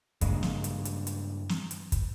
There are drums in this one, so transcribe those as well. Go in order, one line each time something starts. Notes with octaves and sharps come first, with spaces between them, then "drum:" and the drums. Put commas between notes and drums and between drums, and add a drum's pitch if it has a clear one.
G2 C#3 G#3 A#3, drum: kick, hi-hat
drum: snare
drum: hi-hat
drum: hi-hat
drum: hi-hat
drum: snare
drum: hi-hat
drum: kick, hi-hat